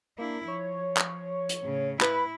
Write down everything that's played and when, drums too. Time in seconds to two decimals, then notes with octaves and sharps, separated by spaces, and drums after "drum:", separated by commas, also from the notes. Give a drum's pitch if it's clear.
0.18 A#3 D4 E4
0.48 F3 C#5
0.97 drum: clap
1.49 drum: hi-hat
1.62 A2 C#3
2.01 E4 B4 B5, drum: clap